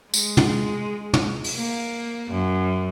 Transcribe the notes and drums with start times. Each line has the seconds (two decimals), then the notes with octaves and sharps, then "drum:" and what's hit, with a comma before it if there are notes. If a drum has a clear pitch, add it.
0.14 G#3, drum: tambourine
0.37 drum: tom
1.14 drum: tom
1.44 drum: open hi-hat
1.56 A#3
2.31 F#2